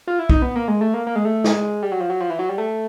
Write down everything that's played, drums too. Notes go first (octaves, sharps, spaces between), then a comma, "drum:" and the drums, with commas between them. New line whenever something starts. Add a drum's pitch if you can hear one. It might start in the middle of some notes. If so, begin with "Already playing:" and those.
F4
E4
D#4, drum: kick
B3
A#3
G#3
A3
A#3
A#3
G#3
A3
G#3, drum: snare
G3
F#3
F3
F#3
F3
E3
F#3
G3
A3